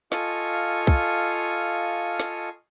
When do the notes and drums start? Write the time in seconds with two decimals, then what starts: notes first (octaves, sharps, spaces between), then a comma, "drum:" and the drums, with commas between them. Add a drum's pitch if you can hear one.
0.12 F4 A4 D#5 F5 G#5 C#6, drum: snare
0.87 drum: kick
2.20 drum: snare